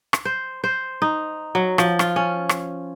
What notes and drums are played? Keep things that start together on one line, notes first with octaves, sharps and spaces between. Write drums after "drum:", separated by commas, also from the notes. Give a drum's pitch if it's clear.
drum: rim click
C5
C5
D#4
F#3
F3, drum: rim click
F4, drum: rim click
C#4
drum: rim click